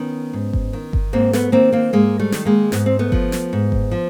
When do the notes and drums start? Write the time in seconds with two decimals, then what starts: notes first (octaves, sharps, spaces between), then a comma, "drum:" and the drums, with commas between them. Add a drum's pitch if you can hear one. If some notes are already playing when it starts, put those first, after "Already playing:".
Already playing: D#3 B3 C#4
0.34 G#2
0.53 drum: kick G1
0.73 D#3
0.93 drum: kick G1
1.13 G#2 A#3 C4
1.33 A3 B3, drum: snare
1.52 D#3 A#3 C4
1.73 A#3 C4
1.93 G#2 G#3 A#3
2.19 G3 A3
2.32 D#3, drum: snare
2.45 G#3 A#3
2.72 G#2 B3, drum: snare
2.86 C4
2.99 A3 B3
3.12 F3, drum: kick G1
3.32 drum: snare
3.53 G#2
3.72 drum: kick G1
3.91 F3